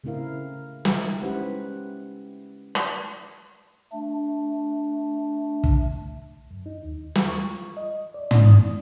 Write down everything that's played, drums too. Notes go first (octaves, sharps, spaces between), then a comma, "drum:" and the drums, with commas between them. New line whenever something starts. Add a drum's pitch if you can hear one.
C#3 A3 C4 E4 A#4 F5
G#3 D#4 E5, drum: snare
C#4 E4 G4 B4 C5 F#5
drum: rim click
A3 D4
drum: kick
F#2
D#4
D#2
drum: snare
C#6
F4
D#5
D5
D5, drum: tom
D#6